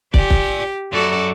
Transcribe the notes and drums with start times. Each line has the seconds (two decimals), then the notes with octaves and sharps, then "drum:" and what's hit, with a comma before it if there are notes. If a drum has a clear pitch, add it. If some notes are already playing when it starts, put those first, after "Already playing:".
0.14 G4 D5 G#5, drum: kick
0.30 drum: kick
0.93 F#2 F#4 A4 D5